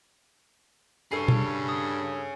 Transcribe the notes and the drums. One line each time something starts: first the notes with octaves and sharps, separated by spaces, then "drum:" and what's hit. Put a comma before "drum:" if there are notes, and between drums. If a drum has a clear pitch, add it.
G2 G#4 A4 C#5 C7
drum: tom B2
D#6